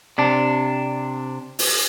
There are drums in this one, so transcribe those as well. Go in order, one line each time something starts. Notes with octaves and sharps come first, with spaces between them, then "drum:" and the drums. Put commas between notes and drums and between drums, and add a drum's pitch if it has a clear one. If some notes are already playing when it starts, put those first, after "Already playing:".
C3 D4
drum: open hi-hat